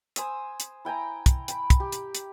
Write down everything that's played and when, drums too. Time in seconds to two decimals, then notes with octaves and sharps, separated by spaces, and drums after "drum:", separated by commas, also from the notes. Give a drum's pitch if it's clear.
0.16 C5 G#5 D#6 E6, drum: hi-hat
0.60 drum: hi-hat
0.85 E4 G5 G#5 A#5
1.26 drum: kick, hi-hat
1.48 G5 B5, drum: hi-hat
1.70 drum: kick, hi-hat
1.80 G4
1.92 drum: hi-hat
2.15 drum: hi-hat